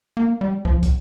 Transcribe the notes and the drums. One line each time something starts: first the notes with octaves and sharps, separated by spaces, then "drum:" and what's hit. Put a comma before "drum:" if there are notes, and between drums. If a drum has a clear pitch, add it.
A#3
G3
F3, drum: kick
drum: kick, hi-hat